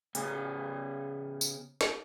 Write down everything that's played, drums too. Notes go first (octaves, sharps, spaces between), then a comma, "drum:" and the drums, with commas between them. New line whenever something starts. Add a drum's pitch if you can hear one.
C#3 B3 C#4 G#4 G#5, drum: hi-hat
drum: tambourine
drum: snare